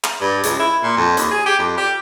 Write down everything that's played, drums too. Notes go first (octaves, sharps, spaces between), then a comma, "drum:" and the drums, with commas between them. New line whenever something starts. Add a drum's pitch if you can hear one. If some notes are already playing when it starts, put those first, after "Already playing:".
drum: clap
G2
C#2, drum: hi-hat
E4
A#2
F2
D#2, drum: hi-hat
G#4
G4
F2
G4